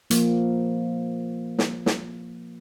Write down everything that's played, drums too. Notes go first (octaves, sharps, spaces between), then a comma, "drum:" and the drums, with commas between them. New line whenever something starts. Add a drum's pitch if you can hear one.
F3 A#3, drum: hi-hat
drum: snare
drum: snare